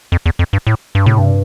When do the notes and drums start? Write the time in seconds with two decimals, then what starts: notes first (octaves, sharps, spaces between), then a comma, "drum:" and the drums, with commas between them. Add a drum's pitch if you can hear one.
0.12 F2
0.26 E2
0.39 F2
0.53 G2
0.67 A2
0.95 G2
1.06 A2, drum: tom C3
1.19 G2